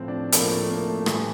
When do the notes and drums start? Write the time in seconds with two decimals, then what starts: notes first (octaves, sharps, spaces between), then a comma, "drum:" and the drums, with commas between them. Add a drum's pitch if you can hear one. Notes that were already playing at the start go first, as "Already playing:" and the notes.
Already playing: A2 F3 C4
0.08 D4
0.33 A2 F3 A#3, drum: hi-hat
0.51 A3
0.70 A#3
0.88 A3
1.06 A2 E3 G3, drum: rim click